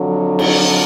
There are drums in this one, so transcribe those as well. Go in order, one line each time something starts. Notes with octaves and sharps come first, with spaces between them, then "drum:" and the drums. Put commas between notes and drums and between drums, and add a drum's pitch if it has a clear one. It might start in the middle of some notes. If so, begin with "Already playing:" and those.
Already playing: F2 D3 F#3
drum: cymbal